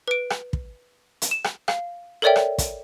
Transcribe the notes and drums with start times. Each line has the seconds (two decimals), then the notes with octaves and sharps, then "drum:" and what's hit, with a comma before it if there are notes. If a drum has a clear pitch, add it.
0.08 B4 D7
0.30 drum: rim click
0.53 drum: kick
1.22 drum: hi-hat
1.31 E7
1.44 drum: rim click
1.68 F5, drum: rim click
2.22 A4 A#4 C#5 D5 E5 G5
2.36 drum: rim click
2.58 drum: kick, hi-hat